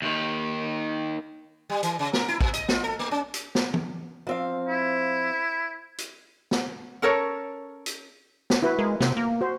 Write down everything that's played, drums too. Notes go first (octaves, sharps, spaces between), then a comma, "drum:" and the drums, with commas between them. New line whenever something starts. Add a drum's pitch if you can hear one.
D#2 D#3
G3
E3, drum: hi-hat
C#3
A#4, drum: snare
E4
A#2, drum: kick A1
D#5, drum: hi-hat
F4, drum: snare
A4
A3
C#4
drum: hi-hat
drum: snare
drum: tom
F3 C4 F5
E4
drum: hi-hat
drum: snare
C#4 A4 A#4 C#5
drum: hi-hat
drum: snare
E4 F#4 B4
G#3 A#4
C3, drum: snare
A#3
F#4 C5